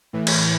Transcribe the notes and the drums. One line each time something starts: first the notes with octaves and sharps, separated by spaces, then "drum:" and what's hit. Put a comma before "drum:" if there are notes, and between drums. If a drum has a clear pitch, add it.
A2 E3
drum: cymbal